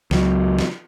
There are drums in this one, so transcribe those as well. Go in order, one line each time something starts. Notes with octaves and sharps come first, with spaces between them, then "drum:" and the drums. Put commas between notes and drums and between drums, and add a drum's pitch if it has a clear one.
C#2 F#3, drum: snare
drum: snare